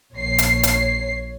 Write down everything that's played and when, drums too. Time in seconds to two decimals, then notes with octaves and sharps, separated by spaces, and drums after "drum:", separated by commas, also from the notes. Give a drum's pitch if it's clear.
0.14 A#1 C#5 C7
0.38 drum: hi-hat
0.63 drum: hi-hat